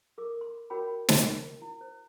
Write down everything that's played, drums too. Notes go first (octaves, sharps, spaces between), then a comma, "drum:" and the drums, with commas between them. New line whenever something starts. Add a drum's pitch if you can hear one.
A4 A#4 D6
C6
F#4 A#4 C#5 G5 B5 D6
drum: snare
E4
C5